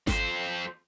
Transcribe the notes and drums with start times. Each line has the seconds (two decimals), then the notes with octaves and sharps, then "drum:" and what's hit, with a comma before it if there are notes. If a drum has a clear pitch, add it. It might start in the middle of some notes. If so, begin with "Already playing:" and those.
0.07 F2 C5, drum: snare G#1